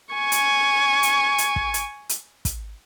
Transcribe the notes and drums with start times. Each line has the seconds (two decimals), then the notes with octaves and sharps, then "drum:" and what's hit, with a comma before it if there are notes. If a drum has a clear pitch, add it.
0.14 G#5 C#6
0.32 drum: hi-hat
1.03 drum: hi-hat
1.38 drum: hi-hat
1.56 drum: kick
1.74 drum: hi-hat
2.09 drum: hi-hat
2.45 drum: kick, hi-hat